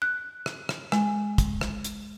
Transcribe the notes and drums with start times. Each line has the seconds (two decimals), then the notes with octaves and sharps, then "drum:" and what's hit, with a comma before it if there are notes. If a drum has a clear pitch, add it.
0.02 F#6
0.46 drum: rim click
0.69 drum: rim click
0.92 G#3, drum: rim click
1.38 drum: kick, hi-hat
1.61 drum: rim click
1.84 drum: hi-hat